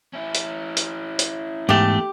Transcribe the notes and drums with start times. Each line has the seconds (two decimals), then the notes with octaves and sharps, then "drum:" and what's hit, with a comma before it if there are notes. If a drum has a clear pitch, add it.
0.13 C#4 E4
0.35 drum: hi-hat
0.77 drum: hi-hat
1.19 drum: hi-hat
1.69 E2 G#2 A3 G4